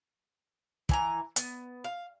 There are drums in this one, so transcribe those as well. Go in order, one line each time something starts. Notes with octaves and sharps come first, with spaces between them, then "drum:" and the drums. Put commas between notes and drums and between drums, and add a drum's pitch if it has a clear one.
E3 G#5 A#5, drum: kick
B3, drum: hi-hat
F5